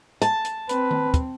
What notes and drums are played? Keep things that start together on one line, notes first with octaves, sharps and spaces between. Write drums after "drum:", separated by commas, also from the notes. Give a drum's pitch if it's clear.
A5, drum: hi-hat
drum: hi-hat
C4 B4, drum: hi-hat
drum: tom D#3
drum: kick, hi-hat